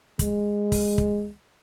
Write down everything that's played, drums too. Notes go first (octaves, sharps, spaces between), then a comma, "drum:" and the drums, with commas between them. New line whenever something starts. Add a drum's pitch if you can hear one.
G#3, drum: kick, hi-hat
drum: kick, open hi-hat
drum: kick